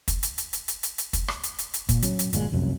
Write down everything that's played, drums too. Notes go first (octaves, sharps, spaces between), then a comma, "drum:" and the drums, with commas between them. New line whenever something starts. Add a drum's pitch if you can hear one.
drum: kick, hi-hat
drum: hi-hat
drum: hi-hat
drum: hi-hat
drum: hi-hat
drum: hi-hat
drum: hi-hat
drum: kick, hi-hat
drum: rim click
drum: hi-hat
drum: hi-hat
drum: hi-hat
A#2, drum: kick, hi-hat
F#3 C#4, drum: hi-hat
drum: hi-hat
G1 A#2 D3 G#3, drum: hi-hat
F1 C2 F#2